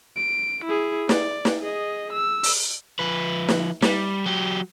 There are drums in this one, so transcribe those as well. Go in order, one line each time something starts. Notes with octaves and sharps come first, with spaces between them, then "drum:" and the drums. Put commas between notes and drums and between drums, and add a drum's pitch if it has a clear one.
D7
E4 G#4
D5, drum: snare
drum: snare
G#4 D#5
E6
drum: open hi-hat
F3 B4
drum: snare
G3, drum: snare
F#3 G4